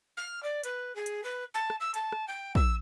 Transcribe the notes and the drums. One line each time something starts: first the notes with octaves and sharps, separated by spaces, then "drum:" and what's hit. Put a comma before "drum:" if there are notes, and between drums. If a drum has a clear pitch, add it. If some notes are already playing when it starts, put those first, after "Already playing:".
F6
D5
B4, drum: hi-hat
G#4
drum: hi-hat
B4
A5
drum: rim click
E6
A5, drum: hi-hat
drum: rim click
G5
E6, drum: kick